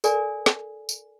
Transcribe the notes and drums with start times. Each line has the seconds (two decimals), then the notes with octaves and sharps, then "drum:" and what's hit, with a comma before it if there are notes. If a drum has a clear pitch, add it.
0.04 A4 A#4 D5 G#5, drum: tambourine
0.46 drum: snare
0.89 drum: tambourine